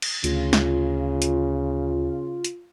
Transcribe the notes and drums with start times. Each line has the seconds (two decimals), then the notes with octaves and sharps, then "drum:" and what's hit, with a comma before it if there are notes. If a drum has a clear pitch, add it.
0.02 drum: cymbal
0.24 D2 C#3 F4, drum: hi-hat
0.53 drum: snare
1.22 drum: hi-hat
2.44 drum: hi-hat